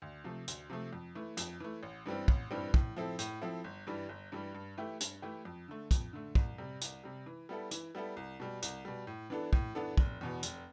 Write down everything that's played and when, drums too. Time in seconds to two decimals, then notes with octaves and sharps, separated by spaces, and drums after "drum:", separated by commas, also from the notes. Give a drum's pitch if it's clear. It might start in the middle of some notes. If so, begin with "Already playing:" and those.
0.02 D2
0.24 C3 F3 A3
0.48 D2, drum: hi-hat
0.70 C3 F3 A3
0.93 F2
1.15 E3 A3
1.37 F2, drum: hi-hat
1.60 E3 A3
1.83 A1
2.06 G2 E3 G3 C4
2.28 A1, drum: kick
2.51 G2 E3 G3 C4
2.74 A2, drum: kick
2.97 F3 C4 E4 A4
3.19 A2, drum: hi-hat
3.41 F3 C4 E4 A4
3.64 G1
3.87 G2 E3 G3
4.09 G1
4.32 G2 E3 G3
4.55 G2
4.77 E3 A3 E4 G4
5.00 G2, drum: hi-hat
5.22 E3 A3 E4 G4
5.45 F2
5.68 D3 A3
5.91 F2, drum: kick, hi-hat
6.13 D3 A3
6.35 C2, drum: kick
6.58 C3 G3
6.81 C2, drum: hi-hat
7.04 C3 G3
7.26 E3
7.49 G3 B3 E4 A4
7.71 E3, drum: hi-hat
7.95 G3 B3 E4 A4
8.17 C2
8.40 B2 G3
8.62 C2, drum: hi-hat
8.85 B2 G3
9.07 A2
9.30 E3 B3 D4 A4
9.53 A2, drum: kick
9.75 E3 B3 D4 A4
9.98 F1, drum: kick
10.21 E2 B2 B3
10.43 F1, drum: hi-hat